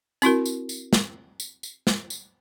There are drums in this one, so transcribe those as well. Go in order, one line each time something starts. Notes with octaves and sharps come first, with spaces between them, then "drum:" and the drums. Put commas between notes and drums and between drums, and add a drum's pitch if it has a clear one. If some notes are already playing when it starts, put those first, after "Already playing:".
C4 E4 F#4 A#4, drum: tambourine
drum: tambourine
drum: tambourine
drum: snare
drum: tambourine
drum: tambourine
drum: snare
drum: tambourine